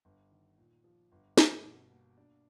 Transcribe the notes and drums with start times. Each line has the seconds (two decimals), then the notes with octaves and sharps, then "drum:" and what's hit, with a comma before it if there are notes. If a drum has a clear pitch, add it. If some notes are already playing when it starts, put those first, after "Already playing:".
0.05 G1
0.31 D#3
0.58 A#2
0.84 F3
1.12 G1
1.38 G1, drum: snare
1.64 B2
1.90 A#3
2.17 D4